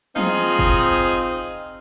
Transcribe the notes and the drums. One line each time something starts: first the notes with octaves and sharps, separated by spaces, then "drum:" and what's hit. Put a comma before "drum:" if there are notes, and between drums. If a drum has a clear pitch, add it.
C4 D#4 F4 G#4, drum: tom
drum: kick F#1